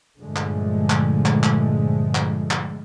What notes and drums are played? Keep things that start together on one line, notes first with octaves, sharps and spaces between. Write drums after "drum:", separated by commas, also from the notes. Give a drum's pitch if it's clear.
G2 A#2 D3 F3 G#3 A3
drum: clap
drum: clap
drum: clap
drum: clap
drum: clap
drum: clap